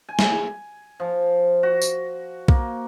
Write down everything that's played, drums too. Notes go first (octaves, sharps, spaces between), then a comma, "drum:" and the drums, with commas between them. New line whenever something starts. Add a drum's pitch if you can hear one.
G#5
drum: snare
F3
F#4
drum: tambourine
A#3, drum: kick B1